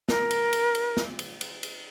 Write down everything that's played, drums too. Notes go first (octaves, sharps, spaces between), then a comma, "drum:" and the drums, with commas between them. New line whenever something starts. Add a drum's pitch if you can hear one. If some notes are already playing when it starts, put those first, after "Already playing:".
A#4, drum: snare
drum: cymbal
drum: cymbal
drum: cymbal
drum: snare
drum: cymbal
drum: cymbal
drum: cymbal